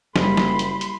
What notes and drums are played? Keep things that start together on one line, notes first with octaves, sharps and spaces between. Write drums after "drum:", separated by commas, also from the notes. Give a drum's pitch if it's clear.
F#1 G3 A#3 E4 B5 C6, drum: snare
drum: snare
drum: hi-hat
drum: hi-hat